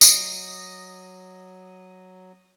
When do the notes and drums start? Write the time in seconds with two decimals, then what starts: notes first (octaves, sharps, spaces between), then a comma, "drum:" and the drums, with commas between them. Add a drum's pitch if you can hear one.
0.01 F#3 D#5, drum: tambourine